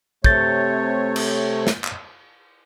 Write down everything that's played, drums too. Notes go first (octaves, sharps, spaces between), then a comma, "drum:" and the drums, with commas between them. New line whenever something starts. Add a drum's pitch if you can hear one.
C3 A3 C#5 G6 A6, drum: kick
drum: cymbal
drum: snare
drum: clap